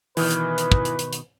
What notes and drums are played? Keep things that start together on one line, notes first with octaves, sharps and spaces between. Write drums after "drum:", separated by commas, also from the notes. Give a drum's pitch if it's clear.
B2 D#3 E3 B4, drum: open hi-hat
drum: hi-hat
drum: hi-hat
drum: kick
drum: hi-hat
drum: hi-hat
drum: hi-hat